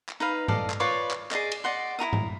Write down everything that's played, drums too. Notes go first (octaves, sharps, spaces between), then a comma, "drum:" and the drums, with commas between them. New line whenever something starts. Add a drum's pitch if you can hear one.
drum: clap
D#4 B4 F5
A4 D5 D#5 F5, drum: tom G2
drum: clap
F4 B4 C#5 D5
drum: clap
G#4 D5 D#5, drum: clap
drum: cymbal
D5 D#5 F#5 C6
E4 F#4 A#5 D#6
drum: tom G2